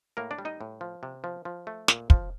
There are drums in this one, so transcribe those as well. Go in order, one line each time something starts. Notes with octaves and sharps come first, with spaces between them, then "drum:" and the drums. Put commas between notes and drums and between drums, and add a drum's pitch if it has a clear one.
A2 A#3 A#4
D4 D5
G3
D#4 D#5
A2
F3
C3
F3
F3
A3
A#2, drum: snare
F3, drum: kick